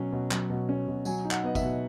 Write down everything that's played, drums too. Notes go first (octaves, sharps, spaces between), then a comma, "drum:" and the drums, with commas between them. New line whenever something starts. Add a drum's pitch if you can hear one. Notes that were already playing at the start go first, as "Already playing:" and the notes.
Already playing: B2 F#3 C#4
B2
F#3, drum: clap
B2
C#4
B2
F#3 G#5, drum: tambourine
D#4
F#5, drum: clap
B3 D#5
E5, drum: kick G1, tambourine
B2